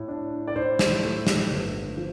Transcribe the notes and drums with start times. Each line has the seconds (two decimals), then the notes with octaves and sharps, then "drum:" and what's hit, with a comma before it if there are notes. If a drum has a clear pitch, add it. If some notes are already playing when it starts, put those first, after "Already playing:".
Already playing: A2
0.08 D4
0.47 D5
0.55 A2 C5
0.79 drum: snare
1.03 A3
1.27 drum: snare
1.51 G1
1.97 F3